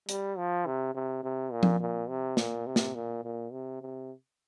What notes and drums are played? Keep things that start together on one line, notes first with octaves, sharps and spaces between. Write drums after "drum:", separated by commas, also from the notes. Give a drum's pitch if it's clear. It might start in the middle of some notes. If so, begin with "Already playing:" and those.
G3, drum: hi-hat
F3
C3
C3
C3
A#2
drum: tom F3
A#2
C3
A#2, drum: snare
C3
drum: snare
A#2
A#2
C3
C3